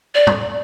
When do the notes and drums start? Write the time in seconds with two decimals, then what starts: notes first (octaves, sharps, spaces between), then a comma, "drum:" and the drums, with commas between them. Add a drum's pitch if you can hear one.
0.15 D5
0.27 drum: tom